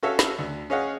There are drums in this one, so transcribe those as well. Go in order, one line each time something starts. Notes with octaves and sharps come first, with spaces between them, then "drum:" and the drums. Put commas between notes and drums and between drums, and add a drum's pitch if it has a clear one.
C#4 F#4 A4 C#5 E5 F5
drum: snare
D2
C#4 G#4 C#5 D#5 F5 F#5